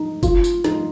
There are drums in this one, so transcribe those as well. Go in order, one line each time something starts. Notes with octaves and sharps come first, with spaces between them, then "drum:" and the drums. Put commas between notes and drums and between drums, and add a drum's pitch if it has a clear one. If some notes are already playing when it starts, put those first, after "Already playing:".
Already playing: D#4
F4, drum: kick F#1, tambourine
drum: tambourine
D#4, drum: snare